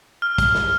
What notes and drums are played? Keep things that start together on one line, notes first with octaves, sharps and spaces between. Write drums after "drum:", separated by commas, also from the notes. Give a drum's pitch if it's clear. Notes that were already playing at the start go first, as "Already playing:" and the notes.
F6
drum: kick, hi-hat
drum: snare